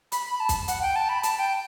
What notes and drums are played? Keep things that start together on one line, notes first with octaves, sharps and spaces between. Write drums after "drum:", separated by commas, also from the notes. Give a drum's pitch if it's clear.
B5, drum: hi-hat
B5
A5
drum: kick, hi-hat
F#5, drum: hi-hat
G5
A5
B5
A5, drum: hi-hat
G5